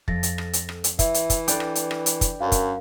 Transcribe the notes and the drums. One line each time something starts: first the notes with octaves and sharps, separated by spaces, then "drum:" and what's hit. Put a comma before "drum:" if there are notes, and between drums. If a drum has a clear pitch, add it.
F2 A4 F5 A6 A#6, drum: kick
drum: hi-hat
drum: rim click
drum: hi-hat
drum: rim click
drum: hi-hat
E3 E5, drum: kick, hi-hat
drum: hi-hat
drum: kick, hi-hat
D4 A4 B4 D5 G5 D6, drum: hi-hat
drum: rim click
drum: hi-hat
drum: rim click
drum: hi-hat
drum: kick, hi-hat
F#2 A#4 F5
drum: kick, hi-hat